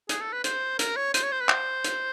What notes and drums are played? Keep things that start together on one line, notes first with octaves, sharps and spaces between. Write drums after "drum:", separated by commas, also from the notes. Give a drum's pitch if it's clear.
G#4, drum: hi-hat
A4
B4
C5, drum: hi-hat
A#4, drum: hi-hat
C#5
C5, drum: hi-hat
C#5
C5
B4
C5, drum: clap
drum: hi-hat